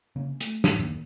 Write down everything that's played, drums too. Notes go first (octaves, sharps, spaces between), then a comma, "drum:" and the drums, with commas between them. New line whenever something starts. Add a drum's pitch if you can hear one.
C#3 A#3 B3 C#4
A3, drum: hi-hat
G#2, drum: snare
D1 F#2 D#3 A#3